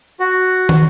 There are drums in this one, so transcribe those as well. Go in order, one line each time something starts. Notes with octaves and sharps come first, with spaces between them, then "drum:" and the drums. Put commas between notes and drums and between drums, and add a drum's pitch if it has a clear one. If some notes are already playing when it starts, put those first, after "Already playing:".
F#4
drum: tom